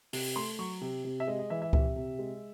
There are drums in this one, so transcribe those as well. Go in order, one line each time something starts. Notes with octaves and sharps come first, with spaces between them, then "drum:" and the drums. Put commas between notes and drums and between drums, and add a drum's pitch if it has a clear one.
C3, drum: open hi-hat
A3 C6
F#3 C#6
C3
C3
E5
G#3 D#5
D#5
E3 E5
E5
C3 E5, drum: kick C#2
C3
G#3